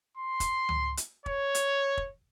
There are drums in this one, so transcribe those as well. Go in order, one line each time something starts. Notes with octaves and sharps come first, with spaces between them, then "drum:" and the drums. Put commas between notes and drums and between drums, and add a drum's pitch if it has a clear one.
C6
drum: kick, hi-hat
drum: tom C#2
drum: hi-hat
C#5, drum: kick
drum: hi-hat
drum: kick